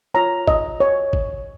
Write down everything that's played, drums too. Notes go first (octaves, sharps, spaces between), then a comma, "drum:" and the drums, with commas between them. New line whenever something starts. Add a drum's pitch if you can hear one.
F4 C#5 A#5
D#5, drum: kick
C#5
drum: kick